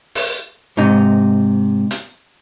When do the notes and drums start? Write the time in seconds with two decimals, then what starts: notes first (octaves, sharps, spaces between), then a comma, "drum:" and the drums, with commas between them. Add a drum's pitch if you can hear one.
0.15 drum: open hi-hat
0.77 G#2 C3 D#4
1.91 drum: hi-hat